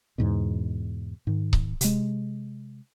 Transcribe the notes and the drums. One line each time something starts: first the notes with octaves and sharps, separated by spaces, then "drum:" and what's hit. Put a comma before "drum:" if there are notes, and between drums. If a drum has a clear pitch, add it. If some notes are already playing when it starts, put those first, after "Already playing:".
E2 G#2 B2
G#2 D#3
drum: kick C#1
C3 G#3, drum: hi-hat